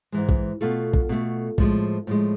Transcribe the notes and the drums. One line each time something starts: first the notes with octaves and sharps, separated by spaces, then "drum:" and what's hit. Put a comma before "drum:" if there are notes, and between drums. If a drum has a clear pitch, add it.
G#2 E3 G#3
drum: kick
B2 A3 F4 A4
drum: kick
B2 A3
A2 F3 G#3, drum: kick
A2 F3 G#3